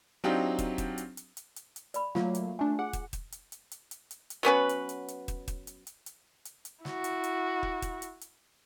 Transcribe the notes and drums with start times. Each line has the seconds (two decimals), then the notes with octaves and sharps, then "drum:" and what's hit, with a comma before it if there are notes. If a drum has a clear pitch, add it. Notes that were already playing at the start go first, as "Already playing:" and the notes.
0.24 F#3 C4 D4 D#4 F4 G4
0.59 drum: kick, hi-hat
0.78 drum: kick, hi-hat
0.98 drum: hi-hat
1.17 drum: hi-hat
1.37 drum: hi-hat
1.56 drum: hi-hat
1.76 drum: hi-hat
1.94 D5 B5, drum: hi-hat
2.15 F#3 A3 A#3 F4 F5, drum: snare
2.35 drum: hi-hat
2.59 A3 D4 G#5
2.79 G#4 F#5
2.93 drum: kick, hi-hat
3.13 drum: kick, hi-hat
3.32 drum: hi-hat
3.52 drum: hi-hat
3.71 drum: hi-hat
3.91 drum: hi-hat
4.11 drum: hi-hat
4.30 drum: hi-hat
4.43 F#3 B3 C#4 B4
4.69 drum: hi-hat
4.89 drum: hi-hat
5.08 drum: hi-hat
5.28 drum: kick, hi-hat
5.48 drum: kick, hi-hat
5.67 drum: hi-hat
5.87 drum: hi-hat
6.06 drum: hi-hat
6.45 drum: hi-hat
6.65 drum: hi-hat
6.85 E4 F#4, drum: snare
7.04 drum: hi-hat
7.24 drum: hi-hat
7.63 drum: kick
7.82 drum: kick, hi-hat
8.02 drum: hi-hat
8.21 drum: hi-hat